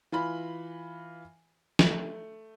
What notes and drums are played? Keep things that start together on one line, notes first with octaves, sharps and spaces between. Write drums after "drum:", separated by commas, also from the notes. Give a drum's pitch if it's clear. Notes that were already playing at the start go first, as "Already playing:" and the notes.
E3 F4 B5
A3, drum: snare